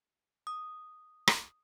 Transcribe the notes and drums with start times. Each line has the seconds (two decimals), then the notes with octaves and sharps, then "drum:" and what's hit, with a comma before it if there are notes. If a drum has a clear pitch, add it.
0.47 D#6
1.28 drum: rim click